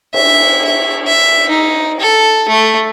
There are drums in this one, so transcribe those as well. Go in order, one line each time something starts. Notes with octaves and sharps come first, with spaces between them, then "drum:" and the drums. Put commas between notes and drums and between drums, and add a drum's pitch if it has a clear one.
E5, drum: cymbal
E5
E5
D#4
A4
A3